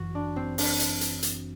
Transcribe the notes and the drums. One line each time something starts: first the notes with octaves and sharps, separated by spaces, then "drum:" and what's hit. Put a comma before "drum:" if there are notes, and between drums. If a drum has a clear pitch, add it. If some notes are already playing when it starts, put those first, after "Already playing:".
Already playing: G1 F#2 E3 F#4
D4
C4
D4, drum: open hi-hat
drum: hi-hat
drum: hi-hat
drum: hi-hat